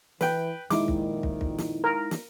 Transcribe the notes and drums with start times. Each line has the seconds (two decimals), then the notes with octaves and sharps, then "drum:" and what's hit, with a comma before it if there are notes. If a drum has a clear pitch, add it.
0.21 E3 B4 G5, drum: snare
0.70 F2 A#2 D#3 G#3 D#4 E4 D6, drum: snare
0.88 drum: kick
1.23 drum: kick
1.41 drum: kick
1.58 drum: snare
1.84 A#4
2.11 drum: snare